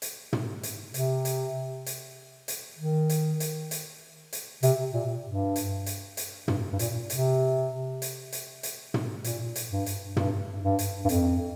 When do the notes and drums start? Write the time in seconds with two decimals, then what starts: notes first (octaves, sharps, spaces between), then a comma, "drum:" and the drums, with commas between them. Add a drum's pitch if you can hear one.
0.02 drum: hi-hat
0.33 drum: tom
0.63 drum: hi-hat
0.94 C3, drum: hi-hat
1.25 drum: hi-hat
1.86 drum: hi-hat
2.48 drum: hi-hat
2.79 D#3
3.09 drum: hi-hat
3.40 drum: hi-hat
3.71 drum: hi-hat
4.33 drum: hi-hat
4.63 C3, drum: hi-hat
4.93 A#2
5.25 G2
5.56 drum: hi-hat
5.86 drum: hi-hat
6.17 drum: hi-hat
6.48 G2, drum: tom
6.72 G2
6.79 A#2, drum: hi-hat
7.10 C3, drum: hi-hat
8.02 drum: hi-hat
8.32 drum: hi-hat
8.63 drum: hi-hat
8.94 drum: tom
9.24 A#2, drum: hi-hat
9.56 drum: hi-hat
9.71 G2
9.86 drum: hi-hat
10.16 G2, drum: tom
10.63 G2
10.79 drum: hi-hat
11.04 G2
11.09 F2, drum: hi-hat